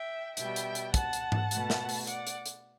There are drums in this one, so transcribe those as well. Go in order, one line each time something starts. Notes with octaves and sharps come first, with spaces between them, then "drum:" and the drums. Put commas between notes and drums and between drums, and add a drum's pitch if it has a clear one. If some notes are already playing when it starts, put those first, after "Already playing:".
Already playing: E5 G5
B2 G3 E5 G5, drum: hi-hat
drum: hi-hat
drum: hi-hat
F#5 A5, drum: kick, hi-hat
drum: hi-hat
drum: tom G#2
B2 A3, drum: hi-hat
drum: snare
drum: open hi-hat
D5 F#5, drum: hi-hat
drum: hi-hat
drum: hi-hat